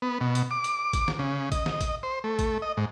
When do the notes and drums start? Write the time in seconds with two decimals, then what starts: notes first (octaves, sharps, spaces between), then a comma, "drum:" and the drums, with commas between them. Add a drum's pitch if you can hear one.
0.02 B3
0.21 B2
0.35 drum: hi-hat
0.51 D6
0.64 drum: hi-hat
0.93 drum: kick, hi-hat
1.08 drum: snare
1.19 C#3
1.52 D#5, drum: kick, hi-hat
1.66 drum: snare
1.81 drum: kick, hi-hat
2.03 C5
2.24 A3
2.39 drum: kick, hi-hat
2.62 D#5
2.77 G#2